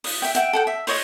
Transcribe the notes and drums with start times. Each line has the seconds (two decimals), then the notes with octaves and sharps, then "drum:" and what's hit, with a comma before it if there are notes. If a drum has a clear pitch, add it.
0.04 D#6, drum: open hi-hat
0.22 E5 G5
0.35 E5 F#5 G5, drum: hi-hat
0.53 A4 F#5 G5
0.67 E5
0.87 C5 C#5 D#5, drum: open hi-hat